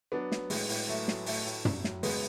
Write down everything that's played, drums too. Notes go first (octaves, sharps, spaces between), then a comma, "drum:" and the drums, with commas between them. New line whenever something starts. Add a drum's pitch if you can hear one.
F#3 B3 D4
F#3, drum: snare
A2 G#3, drum: open hi-hat
A2, drum: open hi-hat
F#3 A3
F#3, drum: snare
A2 A3, drum: open hi-hat
A2
F#3, drum: tom
F#3, drum: snare
C#3 G#3 B3, drum: open hi-hat